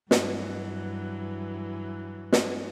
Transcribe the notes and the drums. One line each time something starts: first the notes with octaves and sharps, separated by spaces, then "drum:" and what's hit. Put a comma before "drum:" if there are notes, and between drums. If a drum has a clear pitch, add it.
G2 E3 F#3, drum: snare
drum: snare